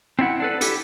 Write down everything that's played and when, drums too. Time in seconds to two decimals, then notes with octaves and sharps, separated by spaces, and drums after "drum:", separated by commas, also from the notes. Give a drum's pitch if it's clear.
0.19 C4 D4 E4 F#5
0.40 D4 A4 B4
0.61 E4 G4 A4, drum: hi-hat